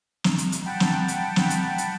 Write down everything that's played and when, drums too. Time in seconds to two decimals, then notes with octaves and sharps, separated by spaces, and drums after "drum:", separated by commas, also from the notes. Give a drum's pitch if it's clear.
0.24 drum: snare
0.38 drum: hi-hat
0.52 drum: hi-hat
0.66 F#5 G5 A5 B5
0.80 drum: snare
1.08 drum: hi-hat
1.36 drum: snare
1.50 drum: hi-hat
1.78 drum: hi-hat